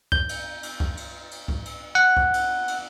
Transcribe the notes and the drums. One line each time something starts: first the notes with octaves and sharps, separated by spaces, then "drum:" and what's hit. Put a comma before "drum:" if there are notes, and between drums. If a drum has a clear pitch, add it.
G6, drum: kick C2
drum: cymbal
drum: cymbal
drum: kick C2
drum: cymbal
drum: cymbal
drum: kick C2
drum: cymbal
F#5
drum: kick C2
drum: cymbal
drum: cymbal